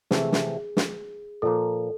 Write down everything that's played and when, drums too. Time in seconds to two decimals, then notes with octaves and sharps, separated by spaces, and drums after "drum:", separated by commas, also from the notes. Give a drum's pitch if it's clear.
0.11 C3 E3 A3 G#4, drum: snare
0.33 drum: snare
0.77 drum: snare
1.42 A#2 F3 A#3 A4